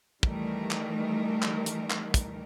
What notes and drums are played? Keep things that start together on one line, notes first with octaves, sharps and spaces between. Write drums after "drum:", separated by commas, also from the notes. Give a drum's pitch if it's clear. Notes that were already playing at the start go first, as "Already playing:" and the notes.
D#3 E3 G3 A3 A#4, drum: kick
drum: clap
drum: clap
drum: hi-hat
drum: clap
drum: kick, hi-hat